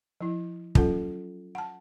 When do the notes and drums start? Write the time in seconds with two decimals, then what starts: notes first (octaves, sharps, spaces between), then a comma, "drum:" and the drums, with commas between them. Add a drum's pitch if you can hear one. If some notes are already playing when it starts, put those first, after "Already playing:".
0.21 F3 E4
0.75 F#3 C#4 F4 A4 F#5, drum: kick
1.55 F#5 A5